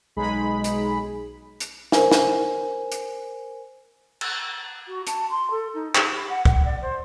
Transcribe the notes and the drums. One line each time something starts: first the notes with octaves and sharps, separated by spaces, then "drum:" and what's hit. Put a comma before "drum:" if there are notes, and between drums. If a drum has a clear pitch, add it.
B1 G#3 D#4 G#4 B5
drum: hi-hat
drum: hi-hat
A#4 C5 G#5, drum: snare
drum: snare
drum: hi-hat
drum: cymbal
F#4
A5, drum: hi-hat
C6
A4
D#4
G4, drum: clap
B5
F#5
F#5, drum: kick C2
D5
C5